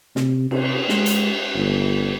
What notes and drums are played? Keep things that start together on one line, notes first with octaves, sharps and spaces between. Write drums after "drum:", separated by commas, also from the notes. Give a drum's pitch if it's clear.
C3, drum: snare
C3, drum: cymbal
G#3, drum: snare
drum: hi-hat
G1